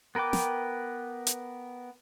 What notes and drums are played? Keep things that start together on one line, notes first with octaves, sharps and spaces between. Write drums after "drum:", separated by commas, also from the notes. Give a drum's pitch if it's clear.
B3 A#4 B4 G5 D6
drum: snare
drum: hi-hat